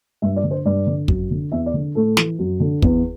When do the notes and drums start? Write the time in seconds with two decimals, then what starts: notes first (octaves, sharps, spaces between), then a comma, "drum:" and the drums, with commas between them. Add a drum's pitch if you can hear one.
0.22 G2 E5
0.36 D5
0.44 D3
0.51 C5
0.65 G2 D5
0.87 D3
1.08 F#2, drum: kick
1.31 D3
1.52 E2 E5
1.66 D5
1.74 D3
1.95 A2 A4
2.17 E3, drum: snare
2.39 F#2
2.60 D3
2.82 E2, drum: kick